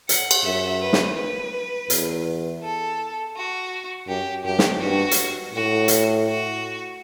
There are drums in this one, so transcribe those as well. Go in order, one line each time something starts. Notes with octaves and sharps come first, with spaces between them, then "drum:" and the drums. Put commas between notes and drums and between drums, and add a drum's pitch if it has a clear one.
F#5, drum: hi-hat
drum: cymbal
F#2 E5
B4
drum: snare
B4
E2, drum: hi-hat
A4
F#4
F#2 G4
F#2 G4
drum: snare
G2 F#4
drum: hi-hat
A2 F#4
drum: hi-hat
F#4